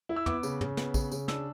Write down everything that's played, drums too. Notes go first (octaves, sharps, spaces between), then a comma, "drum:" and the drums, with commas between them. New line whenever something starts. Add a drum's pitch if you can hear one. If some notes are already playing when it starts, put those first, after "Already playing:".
E4
E6
B3 D6, drum: tom
C#3, drum: tambourine
C#3, drum: tom
B3, drum: snare
C#3, drum: kick, tambourine
C#3, drum: tambourine
D4 E6, drum: snare